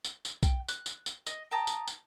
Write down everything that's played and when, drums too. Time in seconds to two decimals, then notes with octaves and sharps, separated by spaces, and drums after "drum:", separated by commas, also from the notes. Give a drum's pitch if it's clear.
0.05 drum: tambourine
0.25 drum: tambourine
0.43 G5, drum: kick B1, tambourine
0.68 F#6, drum: tambourine
0.86 drum: tambourine
1.06 drum: tambourine
1.27 D#5, drum: tambourine
1.51 G5 A5 A#5 D#6
1.67 drum: tambourine
1.88 drum: tambourine